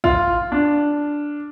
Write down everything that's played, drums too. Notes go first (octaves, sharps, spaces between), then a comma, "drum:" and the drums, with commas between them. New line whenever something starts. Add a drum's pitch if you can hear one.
F4, drum: kick
D4